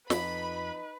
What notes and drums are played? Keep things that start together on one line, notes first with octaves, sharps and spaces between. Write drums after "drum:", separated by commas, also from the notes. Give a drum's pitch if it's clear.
F2 D#4 B4 B5, drum: snare